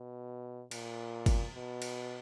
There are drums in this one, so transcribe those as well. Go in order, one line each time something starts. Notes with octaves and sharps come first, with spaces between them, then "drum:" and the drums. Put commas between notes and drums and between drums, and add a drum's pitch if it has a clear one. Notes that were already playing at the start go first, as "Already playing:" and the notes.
Already playing: B2
A#2, drum: cymbal
drum: kick G1, cymbal
B2
drum: cymbal